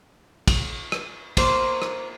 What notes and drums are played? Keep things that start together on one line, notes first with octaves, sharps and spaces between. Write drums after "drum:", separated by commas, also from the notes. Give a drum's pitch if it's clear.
drum: kick, cymbal
drum: rim click
A#3 C5, drum: kick, cymbal
drum: rim click